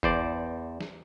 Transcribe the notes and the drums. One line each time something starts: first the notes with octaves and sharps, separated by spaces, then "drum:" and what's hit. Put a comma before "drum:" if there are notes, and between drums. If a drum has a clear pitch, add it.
E2 C5 D5, drum: kick F#1
drum: snare